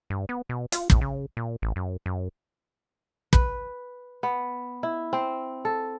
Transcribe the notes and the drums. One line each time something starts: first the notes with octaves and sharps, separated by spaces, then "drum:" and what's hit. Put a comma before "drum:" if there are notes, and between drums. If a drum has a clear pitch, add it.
G2
B3
B2
F4, drum: hi-hat
A2, drum: kick
C#3
A#2
A1
F#2
F#2
B4, drum: kick
B3
E4
C4
A4